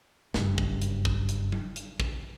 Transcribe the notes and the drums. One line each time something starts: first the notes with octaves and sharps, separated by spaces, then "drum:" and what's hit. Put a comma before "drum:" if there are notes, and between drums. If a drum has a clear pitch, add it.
F#1 G2, drum: snare
drum: kick
drum: hi-hat
drum: kick
drum: hi-hat
drum: tom F#3
drum: hi-hat
drum: kick